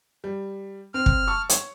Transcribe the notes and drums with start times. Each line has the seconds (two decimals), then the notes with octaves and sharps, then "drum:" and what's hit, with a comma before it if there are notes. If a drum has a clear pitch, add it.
0.24 G3
0.94 C4 F6
1.06 drum: kick
1.27 A5 C#6 E6
1.49 C#5, drum: hi-hat